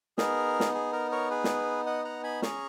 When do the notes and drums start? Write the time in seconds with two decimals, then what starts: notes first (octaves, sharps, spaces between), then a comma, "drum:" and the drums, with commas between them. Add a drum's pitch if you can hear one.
0.18 B3 D#4 G#4 A#4, drum: snare
0.60 drum: snare
0.74 G#4
0.93 A#4
1.11 A#4 C#5
1.30 G#4 B4
1.44 drum: snare
1.86 D#5 F#5
2.05 F#5 A#5
2.23 G#5 B5
2.42 C#4 G#4 A#5 C#6, drum: snare